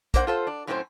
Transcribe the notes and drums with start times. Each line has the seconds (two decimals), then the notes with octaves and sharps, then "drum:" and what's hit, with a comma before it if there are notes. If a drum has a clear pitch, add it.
0.14 A#3 D4 C5 F5 F#5, drum: kick, hi-hat
0.27 F4 A4 C5
0.47 D4
0.67 F#2 A2 C4 C#4 F4 C5